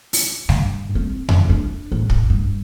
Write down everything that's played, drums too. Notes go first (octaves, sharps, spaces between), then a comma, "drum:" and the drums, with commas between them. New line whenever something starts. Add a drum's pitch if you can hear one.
drum: open hi-hat
G2, drum: snare G3
C4
F2, drum: tom F2
D4
A1
drum: kick
G2